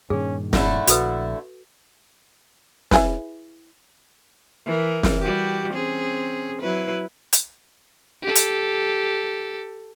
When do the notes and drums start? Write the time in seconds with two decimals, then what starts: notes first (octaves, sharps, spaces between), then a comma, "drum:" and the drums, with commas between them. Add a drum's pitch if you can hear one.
0.10 G2 A#2 D#3 C#4 G#4
0.53 D3 A3 E4 F#5, drum: snare
0.87 A#1 F#4 A4 B4, drum: hi-hat
2.91 E4 G#4 B4, drum: snare
4.66 E3 A#4
5.03 drum: snare
5.20 G3 F#4 G4
5.73 C4 C#4 G#4
6.61 F#3 E4 B4
7.33 drum: hi-hat
8.23 G4 A4
8.35 drum: hi-hat